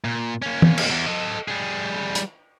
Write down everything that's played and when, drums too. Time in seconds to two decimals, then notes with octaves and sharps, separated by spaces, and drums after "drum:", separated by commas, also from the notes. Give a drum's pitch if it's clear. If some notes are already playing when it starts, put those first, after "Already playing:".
0.04 A#2
0.42 A#3 C#4
0.62 drum: tom
0.77 drum: cymbal
0.90 E2
1.06 A4 D#5
1.48 G3 G#4
2.15 drum: hi-hat